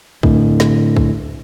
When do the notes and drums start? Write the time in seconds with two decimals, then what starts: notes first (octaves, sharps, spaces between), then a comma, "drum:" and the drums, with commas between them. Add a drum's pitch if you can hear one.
0.23 A2 D3, drum: kick
0.60 drum: snare
0.97 drum: kick